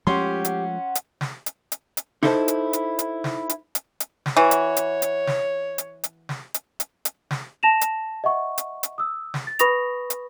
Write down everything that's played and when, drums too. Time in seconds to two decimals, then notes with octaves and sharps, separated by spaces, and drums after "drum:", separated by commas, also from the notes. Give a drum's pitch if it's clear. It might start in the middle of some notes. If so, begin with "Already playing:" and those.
0.07 F3 G#3 A3 C#4 G4 F#5 C6
0.45 drum: hi-hat
0.95 drum: hi-hat
1.21 drum: snare
1.46 drum: hi-hat
1.72 drum: hi-hat
1.97 drum: hi-hat
2.23 D#4 E4 A4 C5, drum: snare
2.48 drum: hi-hat
2.73 drum: hi-hat
2.99 drum: hi-hat
3.24 drum: snare
3.49 drum: hi-hat
3.75 drum: hi-hat
4.00 drum: hi-hat
4.26 drum: snare
4.37 E3 F#4 C#5
4.51 drum: hi-hat
4.76 drum: hi-hat
5.02 drum: hi-hat
5.27 drum: snare
5.78 drum: hi-hat
6.04 drum: hi-hat
6.29 drum: snare
6.54 drum: hi-hat
6.80 drum: hi-hat
7.05 drum: hi-hat
7.31 drum: snare
7.63 A5 A#6 E7 F7
7.81 drum: hi-hat
8.24 D#5 E5 F#5 C#6
8.58 drum: hi-hat
8.83 drum: hi-hat
8.98 D#6 E6
9.34 drum: snare
9.47 A6
9.59 B4 B5 C#6 D#6 A#6 F7, drum: hi-hat
10.10 drum: hi-hat